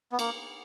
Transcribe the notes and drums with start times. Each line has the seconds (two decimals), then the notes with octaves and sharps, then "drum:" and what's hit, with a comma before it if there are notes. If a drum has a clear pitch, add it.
0.12 B3
0.19 A#3, drum: cymbal